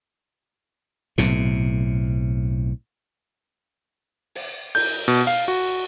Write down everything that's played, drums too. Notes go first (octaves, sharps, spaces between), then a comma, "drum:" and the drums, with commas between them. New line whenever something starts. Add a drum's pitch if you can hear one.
B1 A2 C3, drum: snare
drum: open hi-hat
G6, drum: cymbal
B2
F5, drum: hi-hat
F#4